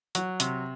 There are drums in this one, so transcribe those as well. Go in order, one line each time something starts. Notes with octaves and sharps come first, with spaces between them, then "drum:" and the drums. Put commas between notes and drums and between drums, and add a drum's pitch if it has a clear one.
F#3, drum: hi-hat
C3, drum: hi-hat